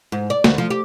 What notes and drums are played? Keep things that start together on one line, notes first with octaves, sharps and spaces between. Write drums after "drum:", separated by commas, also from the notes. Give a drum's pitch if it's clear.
G#2
D5
D2, drum: snare
F3
G4